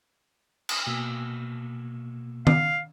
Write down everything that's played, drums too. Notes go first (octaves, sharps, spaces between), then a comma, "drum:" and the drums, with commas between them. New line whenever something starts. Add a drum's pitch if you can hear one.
drum: cymbal
B2 A#3 E6
F5, drum: tom D#3